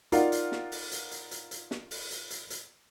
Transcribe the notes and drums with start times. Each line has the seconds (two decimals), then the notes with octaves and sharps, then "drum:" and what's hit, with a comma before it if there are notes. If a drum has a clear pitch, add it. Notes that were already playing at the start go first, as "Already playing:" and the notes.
0.12 D#4 F4 A#4 D5 F5 F#5, drum: hi-hat
0.32 drum: hi-hat
0.52 drum: snare
0.72 drum: open hi-hat
0.92 drum: hi-hat
1.11 drum: hi-hat
1.31 drum: hi-hat
1.51 drum: hi-hat
1.71 drum: snare
1.91 drum: open hi-hat
2.11 drum: hi-hat
2.30 drum: hi-hat
2.50 drum: hi-hat